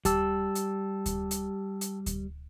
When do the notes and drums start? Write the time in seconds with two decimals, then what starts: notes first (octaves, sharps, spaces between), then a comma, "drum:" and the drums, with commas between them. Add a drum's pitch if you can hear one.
0.05 G3 G4 A5 E6, drum: kick D2, hi-hat
0.55 drum: hi-hat
1.06 drum: kick D2, hi-hat
1.31 drum: hi-hat
1.81 drum: hi-hat
2.06 drum: kick D2, hi-hat